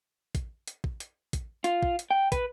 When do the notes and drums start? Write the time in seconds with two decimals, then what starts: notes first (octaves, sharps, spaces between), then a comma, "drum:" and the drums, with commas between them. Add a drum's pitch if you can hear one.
0.35 drum: kick, hi-hat
0.67 drum: hi-hat
0.84 drum: kick
1.00 drum: hi-hat
1.33 drum: kick, hi-hat
1.64 F4, drum: hi-hat
1.83 drum: kick
1.99 drum: hi-hat
2.11 G5
2.32 B4, drum: kick, hi-hat